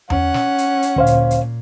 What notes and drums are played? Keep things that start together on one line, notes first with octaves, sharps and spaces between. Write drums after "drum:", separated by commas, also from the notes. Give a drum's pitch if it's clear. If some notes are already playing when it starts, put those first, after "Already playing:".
C#4 F#5, drum: tom E2
drum: snare
drum: hi-hat
drum: hi-hat
D2 A#2 C5 F5
drum: hi-hat
drum: hi-hat